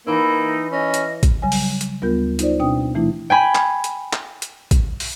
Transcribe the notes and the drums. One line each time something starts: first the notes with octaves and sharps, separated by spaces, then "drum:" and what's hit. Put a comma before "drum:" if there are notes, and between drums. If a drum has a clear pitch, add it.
E3 A#3 D#4 E5
C#4 D#5
drum: hi-hat
drum: kick A1, hi-hat
C#3 F#3 G3 C#5 G#5
drum: open hi-hat
drum: hi-hat
D2 G3 B3 F4 A#4 G6
D#4 F4 C5 D5, drum: hi-hat
B2 C4 D4 G5 D#6
A#2 E3 A3 D4 E4
G5 G#5 B5
drum: clap
drum: hi-hat
drum: clap
drum: hi-hat
drum: kick A1, hi-hat
drum: open hi-hat